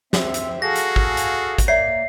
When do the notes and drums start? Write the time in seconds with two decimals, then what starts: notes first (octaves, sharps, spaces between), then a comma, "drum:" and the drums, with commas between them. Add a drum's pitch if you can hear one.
0.13 C4 E5, drum: snare
0.34 drum: hi-hat
0.62 F#4 G#4 A4 F5 A#6
0.75 drum: hi-hat
0.96 drum: kick
1.17 drum: hi-hat
1.58 drum: kick, hi-hat
1.68 A#3 C#5 D5 E5 C7